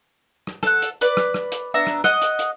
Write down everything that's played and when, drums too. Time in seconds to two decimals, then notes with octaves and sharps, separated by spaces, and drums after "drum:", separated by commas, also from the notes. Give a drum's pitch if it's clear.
0.47 drum: rim click
0.63 A4 F#5, drum: rim click
0.82 drum: hi-hat
1.01 B4 D5, drum: hi-hat
1.17 drum: rim click
1.34 drum: rim click
1.52 drum: hi-hat
1.74 B3 D4 E5 A#5
1.87 drum: rim click
2.04 D#5 F#5, drum: rim click
2.22 drum: hi-hat
2.39 drum: hi-hat